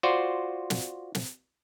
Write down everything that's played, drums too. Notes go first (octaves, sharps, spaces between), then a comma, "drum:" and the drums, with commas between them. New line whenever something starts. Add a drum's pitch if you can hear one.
F4 F#4 C5 D5
drum: snare
drum: snare